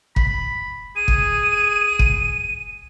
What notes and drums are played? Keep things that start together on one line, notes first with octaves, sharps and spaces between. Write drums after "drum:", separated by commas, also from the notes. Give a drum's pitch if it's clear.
B5, drum: kick
G#4 D#7
drum: kick
drum: kick